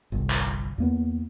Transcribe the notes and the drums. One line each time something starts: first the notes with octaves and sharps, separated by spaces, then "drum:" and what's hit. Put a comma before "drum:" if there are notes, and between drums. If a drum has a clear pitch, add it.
G1 C2
drum: clap
E2 A#3 B3